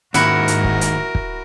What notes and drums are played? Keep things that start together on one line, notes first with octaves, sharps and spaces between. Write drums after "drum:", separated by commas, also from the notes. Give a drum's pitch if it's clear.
D#2 G#2 E4 F#4 A#4 F#5, drum: hi-hat
drum: hi-hat
drum: kick
drum: hi-hat
drum: kick